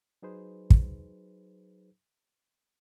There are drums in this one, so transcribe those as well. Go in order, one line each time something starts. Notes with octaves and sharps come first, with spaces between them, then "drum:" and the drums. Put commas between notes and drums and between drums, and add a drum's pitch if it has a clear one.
F#3 D#4 G#4 B4 C5
drum: kick